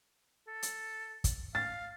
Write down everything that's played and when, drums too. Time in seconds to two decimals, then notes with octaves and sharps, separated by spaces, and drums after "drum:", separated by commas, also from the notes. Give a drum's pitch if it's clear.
0.48 A4
0.63 drum: hi-hat
1.24 drum: kick, hi-hat
1.55 F5 A6